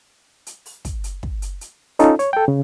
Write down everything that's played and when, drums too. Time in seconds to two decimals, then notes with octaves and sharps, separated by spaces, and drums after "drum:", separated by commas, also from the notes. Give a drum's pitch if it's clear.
0.47 drum: hi-hat
0.66 drum: open hi-hat
0.85 drum: kick, hi-hat
1.04 drum: hi-hat
1.23 drum: kick
1.42 drum: hi-hat
1.61 drum: hi-hat
1.99 C#4 D#4 F4 A4, drum: hi-hat
2.19 C#5, drum: hi-hat
2.33 A4 G5
2.48 C#3